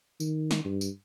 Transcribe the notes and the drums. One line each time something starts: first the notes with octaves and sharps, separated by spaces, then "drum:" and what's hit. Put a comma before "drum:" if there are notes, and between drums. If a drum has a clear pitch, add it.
D#3, drum: tambourine
drum: snare
G2
drum: tambourine